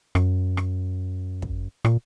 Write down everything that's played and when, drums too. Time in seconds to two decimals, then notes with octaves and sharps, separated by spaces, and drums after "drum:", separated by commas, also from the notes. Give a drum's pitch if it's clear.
0.15 F#2, drum: rim click
0.57 drum: rim click
1.42 drum: kick
1.85 A#2, drum: rim click